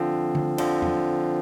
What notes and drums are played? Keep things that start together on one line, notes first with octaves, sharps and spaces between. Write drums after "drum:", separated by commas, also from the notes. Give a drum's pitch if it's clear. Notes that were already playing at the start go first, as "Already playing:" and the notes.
Already playing: D3 F3 C4
drum: tom
D3 F3 C4, drum: cymbal
drum: tom E2